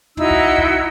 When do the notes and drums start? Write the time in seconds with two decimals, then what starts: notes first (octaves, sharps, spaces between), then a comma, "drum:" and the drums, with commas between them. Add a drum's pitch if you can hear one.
0.17 D#4 E4 F#4 E6, drum: tom
0.31 drum: kick
0.58 drum: kick